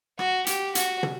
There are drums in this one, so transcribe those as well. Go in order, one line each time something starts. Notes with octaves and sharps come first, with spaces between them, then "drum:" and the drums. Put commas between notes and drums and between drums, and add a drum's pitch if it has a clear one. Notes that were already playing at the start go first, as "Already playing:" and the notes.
F#4, drum: rim click
G4, drum: hi-hat
F#4, drum: hi-hat
drum: tom